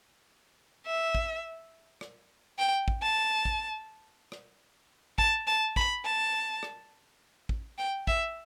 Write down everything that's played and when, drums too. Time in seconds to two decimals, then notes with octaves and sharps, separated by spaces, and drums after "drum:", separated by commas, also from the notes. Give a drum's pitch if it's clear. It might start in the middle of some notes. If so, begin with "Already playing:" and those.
0.86 E5
1.15 drum: kick
2.01 drum: rim click
2.59 G5
2.88 drum: kick
3.02 A5
3.45 drum: kick
4.32 drum: rim click
5.18 A5, drum: kick
5.47 A5
5.76 B5, drum: kick
6.05 A5
6.63 drum: rim click
7.49 drum: kick
7.78 G5
8.07 E5, drum: kick